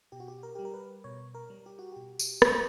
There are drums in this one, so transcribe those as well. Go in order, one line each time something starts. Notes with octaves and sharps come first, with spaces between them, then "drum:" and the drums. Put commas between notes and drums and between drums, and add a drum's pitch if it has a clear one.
B2 G4
F#4
G4
A#4
G3 G4
A#4
B4
B2 C#5
A#4
G3
G4
F#4
B2 G4
drum: tambourine
G3, drum: rim click